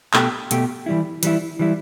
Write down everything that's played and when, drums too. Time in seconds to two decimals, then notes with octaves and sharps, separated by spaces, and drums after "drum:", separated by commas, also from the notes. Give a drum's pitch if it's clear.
0.14 B2 A3 G4, drum: clap
0.51 B2 A3 G4, drum: hi-hat
0.86 E3 G3 E4
1.23 E3 G3 E4, drum: hi-hat
1.59 E3 G3 E4